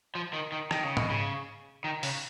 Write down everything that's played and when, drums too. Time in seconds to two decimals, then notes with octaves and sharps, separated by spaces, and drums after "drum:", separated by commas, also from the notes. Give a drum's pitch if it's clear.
0.15 F3
0.33 D#3
0.52 D#3
0.71 D#3, drum: rim click
0.84 C#3
0.97 B2, drum: tom G#2
1.09 C#3
1.84 D#3
2.03 C#3, drum: open hi-hat